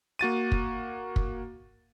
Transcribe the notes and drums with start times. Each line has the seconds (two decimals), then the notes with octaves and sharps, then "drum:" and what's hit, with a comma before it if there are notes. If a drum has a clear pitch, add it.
0.19 A#3 F#4 A6 D#7
0.52 drum: kick
1.16 drum: kick